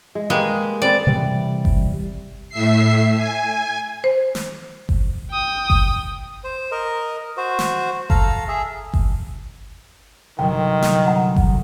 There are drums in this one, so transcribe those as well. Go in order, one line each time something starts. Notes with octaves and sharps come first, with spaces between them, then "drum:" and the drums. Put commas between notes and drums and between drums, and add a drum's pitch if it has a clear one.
G#3
G#3 A#3 G4 B4
C4 A4 B4 D5
C3 E3 G3
drum: kick G1
A2 E5 C7
G#5
C5
drum: snare
drum: kick G1
G5 D#6
drum: kick G1
C5
A#4 D#5
F#4 C5
drum: snare
A4 F5 A#5, drum: kick G1
G#4 E5
drum: kick G1
G1 C3 D#3 F#3 G5
drum: snare
F#5 A#5
drum: kick G1